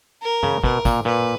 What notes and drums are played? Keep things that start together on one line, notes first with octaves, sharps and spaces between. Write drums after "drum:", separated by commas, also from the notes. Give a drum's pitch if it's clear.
A#4
C#3, drum: tom G2
B2 A#4, drum: kick
A#2, drum: kick, tambourine
A#2 B4